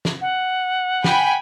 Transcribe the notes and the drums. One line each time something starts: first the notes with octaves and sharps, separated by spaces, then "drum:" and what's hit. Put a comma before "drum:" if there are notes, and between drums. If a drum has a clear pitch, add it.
drum: snare
F#5
G5 G#5 B5, drum: snare